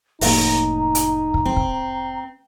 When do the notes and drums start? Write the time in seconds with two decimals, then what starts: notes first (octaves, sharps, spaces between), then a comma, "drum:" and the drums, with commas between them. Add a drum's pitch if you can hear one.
0.21 F1 A2 A#3 D#4 A#5, drum: open hi-hat
0.95 drum: hi-hat
1.34 drum: kick
1.45 C4
1.56 drum: kick